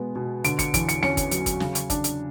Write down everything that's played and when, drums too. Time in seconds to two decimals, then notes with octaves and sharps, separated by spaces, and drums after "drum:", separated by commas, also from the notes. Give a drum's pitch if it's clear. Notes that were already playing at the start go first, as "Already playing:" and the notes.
Already playing: B2 G#3 B3
0.15 B2
0.44 D3 D7, drum: hi-hat
0.59 C#7, drum: kick, hi-hat
0.74 E2 D7, drum: kick, hi-hat
0.89 C#7, drum: hi-hat
1.03 C#4 C#7, drum: snare
1.17 drum: kick, hi-hat
1.31 F#3, drum: hi-hat
1.46 drum: kick, hi-hat
1.60 C#3, drum: snare
1.75 drum: hi-hat
1.90 D4, drum: kick, hi-hat
2.04 drum: hi-hat